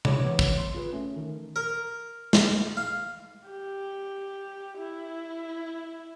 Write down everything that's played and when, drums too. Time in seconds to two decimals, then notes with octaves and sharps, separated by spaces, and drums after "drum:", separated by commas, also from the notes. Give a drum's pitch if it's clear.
0.05 G1 A#2 E4 G#4 C#5 D6, drum: tom C3
0.22 E3 B3 C#5
0.39 drum: kick
0.58 C6
0.75 F4 G#4 B4
0.93 A3 C#4
1.16 D#3
1.56 A#4
2.33 drum: snare
2.77 F5
3.47 G4
4.78 E4